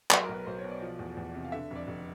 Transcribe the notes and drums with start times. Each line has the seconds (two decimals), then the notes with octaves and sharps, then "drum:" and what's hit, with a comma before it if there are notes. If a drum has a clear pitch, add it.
0.11 F#3, drum: clap
0.23 A#4
0.29 B1
0.34 B4
0.46 B1 C5
0.59 C#5
0.64 B2
0.70 D5
0.82 F3
0.99 E2
1.17 E2
1.35 C3
1.45 F5
1.52 D3 E5
1.71 F1
1.76 D5
1.87 F1